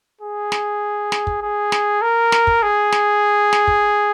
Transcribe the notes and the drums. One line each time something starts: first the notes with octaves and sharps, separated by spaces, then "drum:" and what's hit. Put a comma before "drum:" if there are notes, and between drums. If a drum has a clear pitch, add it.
G#4
drum: snare
drum: snare
drum: kick
G#4
drum: snare
A#4
drum: snare
drum: kick
G#4
drum: snare
drum: snare
drum: kick